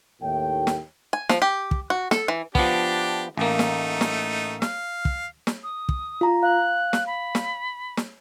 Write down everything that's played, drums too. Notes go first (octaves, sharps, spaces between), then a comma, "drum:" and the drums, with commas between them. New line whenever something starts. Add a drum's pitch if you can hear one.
D#2 A2 G5
drum: snare
G#5
F3, drum: snare
G4
drum: kick
F#4
A4, drum: snare
E3
F3 B3 D4 G4, drum: kick
A1 A3 A#3 D#4
drum: snare
drum: snare
F5, drum: snare
drum: kick
drum: snare
D#6
drum: kick
F4 A#5
F5 F#6
drum: snare
B5
drum: snare
drum: snare